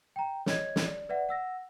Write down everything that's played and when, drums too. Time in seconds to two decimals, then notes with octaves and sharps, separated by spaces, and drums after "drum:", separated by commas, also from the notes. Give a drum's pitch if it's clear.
0.16 G5 A#5
0.46 C#5 D#5 G#6, drum: snare
0.76 drum: snare
0.85 D5
1.09 B4 D5 E5 F#5
1.29 F#5 E6 A#6